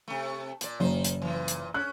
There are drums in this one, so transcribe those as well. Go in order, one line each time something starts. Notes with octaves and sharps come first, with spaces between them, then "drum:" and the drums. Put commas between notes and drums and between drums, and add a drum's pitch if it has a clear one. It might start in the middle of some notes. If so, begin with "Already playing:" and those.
C3 A3
A#2 D5, drum: hi-hat
F#1 D#3 D#4 C5
drum: hi-hat
A#2 E3
drum: hi-hat
C#4 F#6